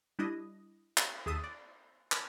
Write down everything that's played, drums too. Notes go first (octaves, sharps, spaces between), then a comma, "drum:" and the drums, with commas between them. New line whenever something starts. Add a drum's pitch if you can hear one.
G3 D4 E4 D#5
drum: clap
D#2 G#4 E5 A5 D#6
D5
drum: clap